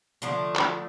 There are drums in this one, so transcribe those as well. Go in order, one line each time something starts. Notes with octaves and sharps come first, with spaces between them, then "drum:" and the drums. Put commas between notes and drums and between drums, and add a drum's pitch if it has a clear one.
D3 F3 A3
drum: clap